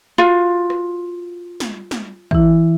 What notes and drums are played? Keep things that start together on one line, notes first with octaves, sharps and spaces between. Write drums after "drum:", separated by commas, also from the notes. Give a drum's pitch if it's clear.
F4 F#4 F5
drum: rim click
drum: snare
drum: snare
E3 E4, drum: kick